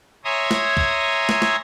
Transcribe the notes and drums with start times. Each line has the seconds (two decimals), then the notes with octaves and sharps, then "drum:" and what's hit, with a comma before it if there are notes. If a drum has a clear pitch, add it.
0.25 C#5 E5 G#5 A#5 C6 D#6
0.51 drum: snare
0.77 drum: kick
1.29 drum: snare
1.42 drum: snare